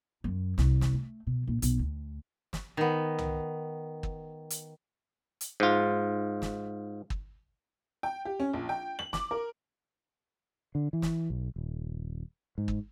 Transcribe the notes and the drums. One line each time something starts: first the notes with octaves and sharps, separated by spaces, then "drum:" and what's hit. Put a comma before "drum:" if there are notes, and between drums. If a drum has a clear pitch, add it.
F#2
C2, drum: snare
drum: snare
A3
B2
A#1
B1, drum: hi-hat
D2
drum: snare
D#3 B3
drum: tom C2
drum: kick
drum: hi-hat
drum: hi-hat
G#2 F4
drum: snare
drum: kick
G5
G4
C#4
A#1
G5
F#7
D6, drum: snare
A#4
D3
E3
drum: snare
B1
D#1
G#2
drum: kick